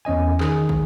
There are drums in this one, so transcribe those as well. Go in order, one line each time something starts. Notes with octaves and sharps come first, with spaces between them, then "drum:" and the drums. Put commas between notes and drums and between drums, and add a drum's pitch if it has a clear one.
E2 C#4 D#5 G#5
D#3 G#4, drum: clap
drum: kick